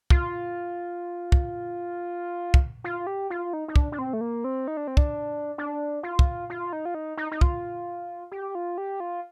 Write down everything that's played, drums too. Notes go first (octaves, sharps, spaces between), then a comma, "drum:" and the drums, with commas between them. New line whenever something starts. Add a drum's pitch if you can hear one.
F4, drum: kick
drum: kick
drum: kick
F4
G4
F4
D#4
D#4
D4, drum: kick
D4
C4
A3
A#3
C4
D#4
D4
C4
D4, drum: kick
D4
F4
drum: kick
F4
D#4
F4
D#4
D#4
D#4
F4, drum: kick
G4
F4
G4
F4